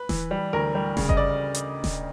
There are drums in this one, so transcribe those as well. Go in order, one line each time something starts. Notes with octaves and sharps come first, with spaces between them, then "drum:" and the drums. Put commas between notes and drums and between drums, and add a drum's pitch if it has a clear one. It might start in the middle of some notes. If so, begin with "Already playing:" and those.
Already playing: B4
E3, drum: snare D#1
G3
D2 A#4
G3
C#3, drum: snare D#1
D#5, drum: kick G1
D5
drum: hi-hat
drum: snare D#1